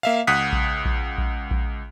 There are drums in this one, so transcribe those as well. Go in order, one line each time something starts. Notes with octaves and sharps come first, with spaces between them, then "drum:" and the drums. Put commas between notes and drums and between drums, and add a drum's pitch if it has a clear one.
A#3 E5 F5
C#2 F#5 D#6 F#6 B6
drum: kick A#1
drum: kick A#1
drum: kick A#1
drum: kick A#1